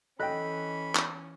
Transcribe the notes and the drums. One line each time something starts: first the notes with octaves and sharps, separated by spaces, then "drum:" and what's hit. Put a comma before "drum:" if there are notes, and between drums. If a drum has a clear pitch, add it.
E3 C#4 A4 D#5 G5 B5 F#6
drum: clap